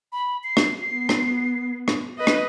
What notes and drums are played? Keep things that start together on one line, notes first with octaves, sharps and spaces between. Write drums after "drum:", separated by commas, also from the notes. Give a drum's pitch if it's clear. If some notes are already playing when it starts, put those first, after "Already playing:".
B5
C7
drum: rim click
B3
drum: rim click
drum: rim click
B4 D#5
drum: rim click